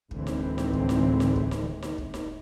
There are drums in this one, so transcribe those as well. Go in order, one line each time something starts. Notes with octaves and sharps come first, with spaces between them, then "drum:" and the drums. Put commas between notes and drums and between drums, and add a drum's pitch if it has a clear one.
D2 A2 D3 E3 G#3 C4, drum: kick
drum: snare D#4
drum: snare D#4
drum: kick
drum: snare D#4
drum: snare D#4
drum: kick
drum: snare D#4
drum: snare D#4
drum: kick
drum: snare D#4